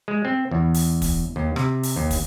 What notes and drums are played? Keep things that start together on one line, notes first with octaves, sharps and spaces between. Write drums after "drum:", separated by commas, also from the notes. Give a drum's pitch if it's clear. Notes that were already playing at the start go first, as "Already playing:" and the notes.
G#3
C4
E2
drum: open hi-hat
drum: kick, open hi-hat
D#2
C3, drum: rim click
drum: open hi-hat
D#2
drum: kick, open hi-hat